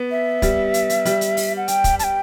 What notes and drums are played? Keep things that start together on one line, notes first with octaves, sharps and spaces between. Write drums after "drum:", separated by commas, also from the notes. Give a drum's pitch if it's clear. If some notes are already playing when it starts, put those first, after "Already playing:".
Already playing: B3
E5
G3, drum: kick, hi-hat
drum: hi-hat
drum: hi-hat
G3, drum: hi-hat
drum: hi-hat
drum: open hi-hat
F#5
G5, drum: hi-hat
drum: kick, hi-hat
A5, drum: hi-hat
G5